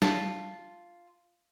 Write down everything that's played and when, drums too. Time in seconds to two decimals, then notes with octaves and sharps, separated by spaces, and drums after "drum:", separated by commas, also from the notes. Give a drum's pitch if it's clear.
0.02 F4 A5, drum: snare